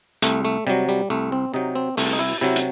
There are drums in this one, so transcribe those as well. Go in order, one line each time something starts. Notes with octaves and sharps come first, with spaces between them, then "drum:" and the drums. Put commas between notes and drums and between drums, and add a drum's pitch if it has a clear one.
C2 A3, drum: hi-hat
A3
C3 F#3 G3
G3
C2 A3
C4
C3 F#3 D#4
C4
C2 A3, drum: open hi-hat
D#4
E4
C3 F#3 E4
drum: hi-hat